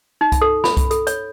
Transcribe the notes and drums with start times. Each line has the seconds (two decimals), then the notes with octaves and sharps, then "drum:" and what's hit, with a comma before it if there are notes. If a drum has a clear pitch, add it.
0.21 D#4
0.32 drum: kick C2, hi-hat
0.42 A4
0.64 B5, drum: snare
0.77 drum: kick C2, hi-hat
0.91 A4, drum: hi-hat
1.07 C#5, drum: hi-hat